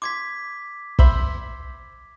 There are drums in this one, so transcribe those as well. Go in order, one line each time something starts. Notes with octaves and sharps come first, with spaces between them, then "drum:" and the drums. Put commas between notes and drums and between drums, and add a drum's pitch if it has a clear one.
C6 D6 G#6 B6
C5 E5 B5, drum: kick